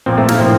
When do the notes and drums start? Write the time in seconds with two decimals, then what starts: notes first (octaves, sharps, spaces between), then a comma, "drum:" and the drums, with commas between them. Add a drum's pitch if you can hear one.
0.06 A#2 F3 C4
0.18 A3
0.29 A#3, drum: snare
0.39 A2 F3 C4